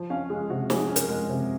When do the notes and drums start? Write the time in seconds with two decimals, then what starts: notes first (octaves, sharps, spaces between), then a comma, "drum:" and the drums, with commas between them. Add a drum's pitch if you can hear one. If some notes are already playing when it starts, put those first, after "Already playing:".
Already playing: F3
0.10 C#4 F5
0.30 G#3 G#4
0.50 C3 F#4
0.70 F3 G#4, drum: snare
0.89 C#4
0.96 A#4, drum: hi-hat
1.09 G#3
1.29 C3